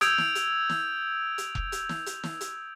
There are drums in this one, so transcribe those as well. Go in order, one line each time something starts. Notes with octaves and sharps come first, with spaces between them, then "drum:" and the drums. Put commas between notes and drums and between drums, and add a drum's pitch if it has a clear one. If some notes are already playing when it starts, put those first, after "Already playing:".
D#6 E6 G6 G#6 D7 F7, drum: hi-hat
drum: snare
drum: hi-hat
drum: snare
drum: hi-hat
drum: kick F1
drum: hi-hat
drum: snare
drum: hi-hat
drum: snare
drum: hi-hat